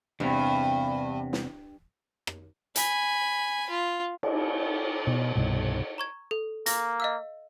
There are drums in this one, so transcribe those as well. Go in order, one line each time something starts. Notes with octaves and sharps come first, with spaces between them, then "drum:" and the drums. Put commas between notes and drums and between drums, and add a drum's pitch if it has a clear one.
E2 G2 C3
drum: snare
drum: rim click
G#5 B5, drum: hi-hat
F4
drum: cymbal
B2
C2 G2 B2
A#5 C#6 G#6
A4
A#3 A#6, drum: hi-hat
D#5 F5 E6